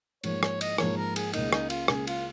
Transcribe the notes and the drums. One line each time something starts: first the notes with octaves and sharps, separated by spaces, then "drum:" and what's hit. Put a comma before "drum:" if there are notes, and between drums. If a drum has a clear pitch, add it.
G#2 F3 A#3 C#5, drum: cymbal
C#5, drum: rim click
D#5, drum: cymbal
G#2 F3 A#3 C#5, drum: rim click
A#4
G#4, drum: cymbal
C#2 C#3 A#3 D#4, drum: cymbal
D#4, drum: rim click
F4, drum: cymbal
C#2 C#3 A#3 G#4, drum: rim click
F4, drum: cymbal